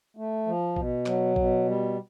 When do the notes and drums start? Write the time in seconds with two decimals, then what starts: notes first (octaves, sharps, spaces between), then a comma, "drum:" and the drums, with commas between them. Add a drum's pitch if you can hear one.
0.17 A3
0.47 F3
0.76 B2, drum: kick A1
1.06 F#3, drum: clap
1.36 B2, drum: kick A1
1.66 G3